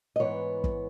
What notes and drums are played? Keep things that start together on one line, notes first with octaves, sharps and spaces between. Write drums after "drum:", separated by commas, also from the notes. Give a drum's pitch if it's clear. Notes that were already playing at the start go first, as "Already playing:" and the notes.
D#5
G#2 E3 B3 C#5
drum: kick